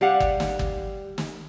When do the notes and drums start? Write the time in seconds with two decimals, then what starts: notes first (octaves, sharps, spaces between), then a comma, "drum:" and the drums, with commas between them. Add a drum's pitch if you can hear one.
0.01 G3 G4 F5 F#5
0.20 drum: kick G1
0.40 drum: snare
0.59 drum: kick G1
1.18 drum: snare